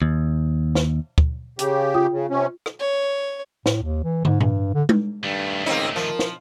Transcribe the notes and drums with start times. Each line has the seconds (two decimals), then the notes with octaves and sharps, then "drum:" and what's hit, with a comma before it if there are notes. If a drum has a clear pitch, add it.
0.02 D#2
0.75 drum: snare
1.18 drum: kick D2
1.59 C#3 G4, drum: hi-hat
1.94 F4 G5 D#6
2.12 C#3
2.30 C3 C#4
2.66 drum: rim click
2.80 C#5
3.66 A2, drum: snare
3.82 D#2
4.04 E3
4.25 G#2, drum: tom
4.40 G2, drum: tom A2
4.74 D3
4.89 drum: tom G#3
5.24 G2 D#3 A3
5.66 C#2 A#3 C4 D#4
5.96 F3 A#4
6.19 drum: snare